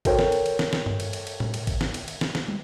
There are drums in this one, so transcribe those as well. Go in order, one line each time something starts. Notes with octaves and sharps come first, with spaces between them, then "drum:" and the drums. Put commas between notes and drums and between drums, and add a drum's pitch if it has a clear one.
F#4 A4 A#4 C5 C#5 G5, drum: kick G#1, cymbal
drum: snare
drum: cymbal
drum: cymbal
drum: snare
drum: snare
drum: tom G2
drum: cymbal
drum: cymbal
drum: cymbal
drum: tom A2
drum: cymbal
drum: kick G#1, cymbal
drum: snare
drum: cymbal
drum: cymbal
drum: snare
drum: snare
drum: tom